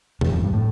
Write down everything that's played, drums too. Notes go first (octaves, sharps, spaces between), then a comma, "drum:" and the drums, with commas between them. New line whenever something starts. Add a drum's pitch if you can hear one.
E2 E3, drum: tom
F2 F3
G2 G3
A2 A3